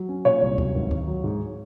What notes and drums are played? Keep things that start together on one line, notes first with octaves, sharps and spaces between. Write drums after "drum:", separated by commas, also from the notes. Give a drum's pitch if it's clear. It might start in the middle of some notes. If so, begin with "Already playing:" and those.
Already playing: F#3
C#4
A#2 C#5
C2
F#3, drum: kick D2
G#1
D#3, drum: kick D2
F#3
G#2